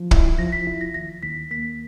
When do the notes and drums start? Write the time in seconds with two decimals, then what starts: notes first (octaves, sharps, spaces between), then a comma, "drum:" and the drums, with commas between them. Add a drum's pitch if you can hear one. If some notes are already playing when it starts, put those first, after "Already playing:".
Already playing: F3
0.11 E4, drum: kick
0.39 F3 A#6
0.52 B6
0.67 E4
0.81 A#6
0.94 D#2 A#6
1.23 D#2 B6
1.51 A#3 B6